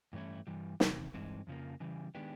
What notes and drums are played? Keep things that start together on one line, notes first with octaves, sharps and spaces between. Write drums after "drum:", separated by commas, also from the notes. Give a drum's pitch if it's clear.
G2 E3 A3 C#4 E4
G2 E3 G3
E2 C3 D#3, drum: snare
G2 E3 G#3 C4 D#4
F2 C#3 F3 A#3
C#3 E3 G3
D#3 G#3 B3 D4 G4